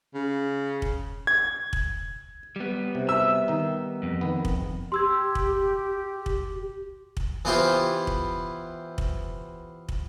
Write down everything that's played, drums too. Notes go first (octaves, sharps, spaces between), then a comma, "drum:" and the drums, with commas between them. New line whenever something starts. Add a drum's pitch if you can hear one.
C#3
drum: kick
G#6
drum: kick
G3 B3
C3
E5 E6
D#3 D#4
F2
D#3 B3
drum: kick
G4 C6 E6 G#6
drum: kick
drum: kick
drum: kick
E3 B3 E4 F4 G4 C5
drum: kick
drum: kick
drum: kick